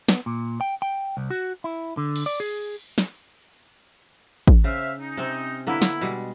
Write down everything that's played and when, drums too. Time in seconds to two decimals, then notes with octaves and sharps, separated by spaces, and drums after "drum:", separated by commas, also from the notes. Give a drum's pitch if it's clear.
0.09 B3, drum: snare
0.26 A#2
0.61 G5
0.82 G5
1.17 C2
1.30 F#4
1.64 E4
1.97 D3
2.16 drum: cymbal
2.26 D5
2.40 G#4
2.98 drum: snare
4.47 drum: kick A1
4.64 C#3 C5 E5 F5
5.00 C#4 D#4
5.17 C3 C4
5.67 D3 A#3 B3 E4
5.82 drum: snare
6.01 B2 G3 G#3